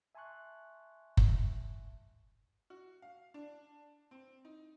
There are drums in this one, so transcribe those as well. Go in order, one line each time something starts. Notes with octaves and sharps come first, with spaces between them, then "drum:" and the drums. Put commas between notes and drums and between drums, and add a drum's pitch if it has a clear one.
E5 G#5 A5 C6 C#6 F#6
drum: kick F#1
F#4
F5
D4
C4
D#4